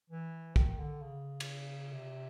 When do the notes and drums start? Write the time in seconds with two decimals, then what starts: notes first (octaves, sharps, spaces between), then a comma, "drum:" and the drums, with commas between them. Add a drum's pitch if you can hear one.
0.10 E3
0.56 D#3, drum: kick
0.79 D3
1.02 C#3
1.40 drum: cymbal
1.92 C3